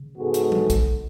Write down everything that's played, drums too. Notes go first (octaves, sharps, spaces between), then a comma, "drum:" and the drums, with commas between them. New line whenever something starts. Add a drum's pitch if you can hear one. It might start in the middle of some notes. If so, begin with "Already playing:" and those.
Already playing: C#3
G#2 G#3 B3 F#4 A4
drum: hi-hat
drum: tom F#3
drum: kick, hi-hat